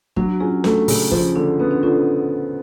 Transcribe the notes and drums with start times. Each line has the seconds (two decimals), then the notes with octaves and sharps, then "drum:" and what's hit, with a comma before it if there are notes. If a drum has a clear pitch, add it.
0.16 F#3 D4 F#4, drum: kick G1
0.31 F#4
0.40 C#4 F4 G#4
0.64 A3 D4 F#4, drum: snare
0.88 C#3, drum: open hi-hat
1.11 F3 C#4 F4, drum: kick G1
1.36 D3 D4
1.60 B3 C#4
1.71 D4
1.83 D3 C#4 F4